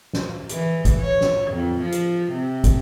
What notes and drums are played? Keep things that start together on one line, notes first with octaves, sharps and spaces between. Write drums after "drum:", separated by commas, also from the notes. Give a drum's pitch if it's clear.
drum: snare
E3, drum: hi-hat
drum: kick, hi-hat
C#5
drum: snare
F2
F3
drum: hi-hat
C3
drum: kick, hi-hat